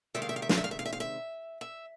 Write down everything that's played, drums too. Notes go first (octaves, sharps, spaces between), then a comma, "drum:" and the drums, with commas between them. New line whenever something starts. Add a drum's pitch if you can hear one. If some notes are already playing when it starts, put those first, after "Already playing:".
C3 D#3 G#3 C4 E5
F5
E5
F5
E5
F5, drum: snare
E5
F5
E5
F5
E5
F5
E5
E5